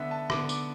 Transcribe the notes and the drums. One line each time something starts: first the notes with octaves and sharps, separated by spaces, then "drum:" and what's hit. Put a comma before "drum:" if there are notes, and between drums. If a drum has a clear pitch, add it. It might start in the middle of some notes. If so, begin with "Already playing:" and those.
Already playing: D3 B3 E5 F#5
A5
D3 B3 D6, drum: rim click
D6, drum: tambourine